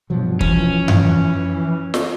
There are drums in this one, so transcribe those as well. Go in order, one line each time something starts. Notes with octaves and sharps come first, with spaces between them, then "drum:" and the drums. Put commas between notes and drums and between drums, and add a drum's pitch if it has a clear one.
G2 B2 F3 F#3
E3 F3 C#4, drum: kick
drum: tom F#2
drum: snare